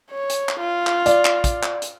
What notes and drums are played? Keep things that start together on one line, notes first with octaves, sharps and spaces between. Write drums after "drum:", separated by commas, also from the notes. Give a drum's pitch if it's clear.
C#5
drum: hi-hat
drum: clap
F4
drum: clap
D5, drum: hi-hat
drum: clap
drum: kick, hi-hat
drum: clap
drum: hi-hat